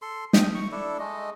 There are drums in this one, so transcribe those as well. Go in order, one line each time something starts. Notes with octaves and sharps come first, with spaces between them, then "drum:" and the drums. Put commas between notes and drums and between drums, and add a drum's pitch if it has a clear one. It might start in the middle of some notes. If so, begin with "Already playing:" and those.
A4 C6
D#5 G5 D#6, drum: snare
C#6
D4 E4 A4
G#3 A3 D#5